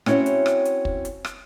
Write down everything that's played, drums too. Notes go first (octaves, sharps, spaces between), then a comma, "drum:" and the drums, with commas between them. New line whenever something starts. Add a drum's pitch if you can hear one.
C4 C#4 E4 F#4 C#5, drum: rim click
drum: hi-hat
drum: rim click
drum: hi-hat
drum: kick
drum: hi-hat
drum: rim click